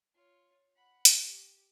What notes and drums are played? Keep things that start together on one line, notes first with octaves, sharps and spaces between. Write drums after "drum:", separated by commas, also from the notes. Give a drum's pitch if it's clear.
F4 C#5
F#5 B5
drum: hi-hat
G4